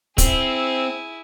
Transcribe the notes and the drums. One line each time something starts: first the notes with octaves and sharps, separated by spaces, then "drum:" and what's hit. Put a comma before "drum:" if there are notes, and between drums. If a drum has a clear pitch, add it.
C4 E4 G#4, drum: kick, hi-hat